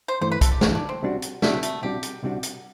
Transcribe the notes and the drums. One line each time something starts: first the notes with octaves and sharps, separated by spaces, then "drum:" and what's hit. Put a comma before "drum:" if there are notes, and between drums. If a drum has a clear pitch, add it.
C5
G2 E3 A3 C5
B4
A4, drum: kick, hi-hat
G4
G2 E3 A3 F#4, drum: snare
D4
C4
C2 C3 G3 D4 F#4
drum: hi-hat
C2 C3 G3 A3 D4 F#4, drum: snare
A3, drum: hi-hat
C2 C3 G3 D4 F#4 G4
drum: hi-hat
C2 C3 G3 D4 F#4
drum: hi-hat